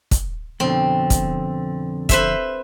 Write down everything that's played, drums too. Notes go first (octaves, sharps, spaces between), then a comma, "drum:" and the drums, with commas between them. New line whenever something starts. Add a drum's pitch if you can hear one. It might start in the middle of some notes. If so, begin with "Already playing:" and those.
drum: kick, hi-hat
F2 B2 D3 C4
drum: kick, hi-hat
B4 C5 E5, drum: kick, hi-hat